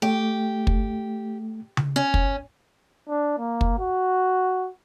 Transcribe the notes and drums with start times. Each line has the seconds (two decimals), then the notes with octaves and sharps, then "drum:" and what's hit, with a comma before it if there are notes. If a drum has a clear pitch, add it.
0.02 A3 G4
0.67 drum: kick
1.77 drum: tom C#3
1.96 C#4
2.14 drum: kick
3.09 D4
3.38 A#3
3.61 drum: kick
3.79 F#4